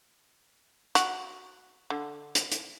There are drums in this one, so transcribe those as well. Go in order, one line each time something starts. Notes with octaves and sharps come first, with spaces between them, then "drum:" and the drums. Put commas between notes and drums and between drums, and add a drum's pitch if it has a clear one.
F#4, drum: hi-hat
D3
drum: hi-hat
drum: hi-hat